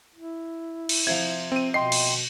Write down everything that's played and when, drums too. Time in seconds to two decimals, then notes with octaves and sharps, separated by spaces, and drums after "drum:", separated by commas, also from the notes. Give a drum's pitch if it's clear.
0.15 E4
0.89 drum: cymbal
1.07 C3 F3 G#6
1.52 C4 D#7
1.74 B2 D#5 G5 C6 C7
1.92 drum: cymbal